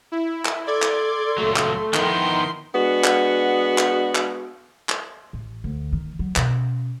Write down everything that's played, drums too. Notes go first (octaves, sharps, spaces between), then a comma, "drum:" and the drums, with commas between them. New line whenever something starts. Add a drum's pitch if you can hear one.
E4
drum: clap
A4 D5 C6 D6 G#6
drum: clap
C#2 F#3 A3
drum: clap
D#3 F3 B3 D#4 E4 A#4 G5 C6, drum: clap
G#3 B3 D4 F#4
drum: clap
drum: clap
drum: clap
drum: clap
A1
D2
D#3
F#3
B2 C#4, drum: clap